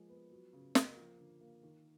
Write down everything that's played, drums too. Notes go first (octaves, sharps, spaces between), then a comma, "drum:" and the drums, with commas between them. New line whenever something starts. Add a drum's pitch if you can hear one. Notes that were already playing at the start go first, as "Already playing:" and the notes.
Already playing: F3 G#3 A#3
B3
F#3
C#3
A#3, drum: snare
F3
D3
A#3
D#3